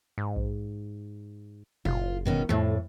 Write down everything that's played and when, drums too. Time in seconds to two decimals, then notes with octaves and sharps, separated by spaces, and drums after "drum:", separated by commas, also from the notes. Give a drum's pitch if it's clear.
0.18 G#2
0.36 drum: kick A#1
1.85 F#1 F4, drum: tom
2.26 B2 D#3 C#4
2.49 F2 A2 A3